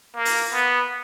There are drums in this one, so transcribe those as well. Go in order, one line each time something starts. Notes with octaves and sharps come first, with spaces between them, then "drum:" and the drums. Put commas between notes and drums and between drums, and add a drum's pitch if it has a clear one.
A#3
drum: open hi-hat
B3